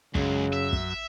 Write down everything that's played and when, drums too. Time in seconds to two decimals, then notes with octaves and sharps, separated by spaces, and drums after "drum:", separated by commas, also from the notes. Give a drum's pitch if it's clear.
0.15 C#2 F#2 C#3, drum: kick
0.53 E5
0.73 drum: kick